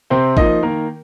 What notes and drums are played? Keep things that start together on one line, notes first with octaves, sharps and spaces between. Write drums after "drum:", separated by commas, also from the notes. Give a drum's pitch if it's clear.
C3 C4 C5
F3 A#3 D#4 D#5, drum: kick
D#3 A#3 A#4